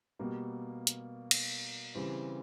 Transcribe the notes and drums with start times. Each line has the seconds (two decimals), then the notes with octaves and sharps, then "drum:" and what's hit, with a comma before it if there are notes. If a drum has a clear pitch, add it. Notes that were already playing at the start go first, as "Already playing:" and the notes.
0.19 B2 G3 A#3
0.87 drum: hi-hat
1.31 drum: cymbal
1.95 C#3 E3 G3 C4